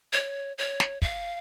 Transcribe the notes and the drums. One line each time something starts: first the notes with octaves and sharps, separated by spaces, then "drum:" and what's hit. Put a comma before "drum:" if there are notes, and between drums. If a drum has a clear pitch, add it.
C#5
C#5
drum: snare
F5, drum: kick